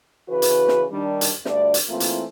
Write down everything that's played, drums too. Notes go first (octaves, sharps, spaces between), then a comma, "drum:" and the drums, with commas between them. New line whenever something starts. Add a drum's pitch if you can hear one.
C#3 E3 F#4 B4
drum: hi-hat
drum: snare
D#3 G3 D4
drum: hi-hat
D2 G2 A3 D5, drum: snare
drum: hi-hat
E3 A3 A#3 C4 E4 F4
drum: hi-hat